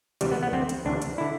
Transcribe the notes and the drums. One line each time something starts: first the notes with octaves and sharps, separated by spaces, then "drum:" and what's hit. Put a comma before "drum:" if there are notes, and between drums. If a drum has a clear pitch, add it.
D2 C3 E3 G3, drum: hi-hat
B3
B3
D2 D3 C4, drum: tom
drum: hi-hat
D2 C3 E3 D4
drum: hi-hat
D3 E4